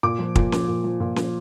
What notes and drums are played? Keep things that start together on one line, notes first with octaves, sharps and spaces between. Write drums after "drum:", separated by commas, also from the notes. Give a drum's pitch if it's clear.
A#2 D6
F3
A#2, drum: kick
F3, drum: snare C#4
A#2
F3
A#2
F3, drum: snare C#4